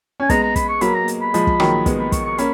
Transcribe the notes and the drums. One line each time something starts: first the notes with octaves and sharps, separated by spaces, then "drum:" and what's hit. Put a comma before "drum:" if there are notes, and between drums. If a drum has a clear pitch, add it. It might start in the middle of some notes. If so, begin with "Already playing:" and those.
C#4 G#5
G#3 B3 A#5, drum: kick, hi-hat
A#5
B5, drum: kick, hi-hat
C#6
F#3 A#3 B5, drum: hi-hat
A#5
drum: hi-hat
B5
F3 G#3, drum: hi-hat
drum: kick
D#3 F#3, drum: rim click
G#3 B3, drum: kick, hi-hat
B5
C#6, drum: kick, hi-hat
C#6
A#3 C#4 B5, drum: hi-hat